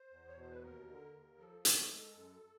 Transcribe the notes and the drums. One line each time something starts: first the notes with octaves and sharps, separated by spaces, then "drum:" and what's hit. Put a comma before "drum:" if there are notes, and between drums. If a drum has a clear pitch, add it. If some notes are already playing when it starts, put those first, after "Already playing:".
Already playing: C5
E2
C#5
B2 C5
B4
D#2 A#4
D3
D#2
F3 A4
D3, drum: hi-hat
G#3
F#2